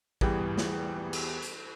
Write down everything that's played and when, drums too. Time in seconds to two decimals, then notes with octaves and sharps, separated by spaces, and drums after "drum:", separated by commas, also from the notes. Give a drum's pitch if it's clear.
0.21 E2 E3 G3 B3 G#4 G5, drum: kick A1
0.58 drum: snare
1.13 drum: cymbal
1.42 drum: hi-hat